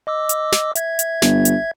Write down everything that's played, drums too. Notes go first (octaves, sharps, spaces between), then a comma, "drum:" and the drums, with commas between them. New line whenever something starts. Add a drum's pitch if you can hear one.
D#5 D6 E6
drum: hi-hat
drum: snare
E5 G#6, drum: hi-hat
drum: hi-hat
G1, drum: snare
drum: hi-hat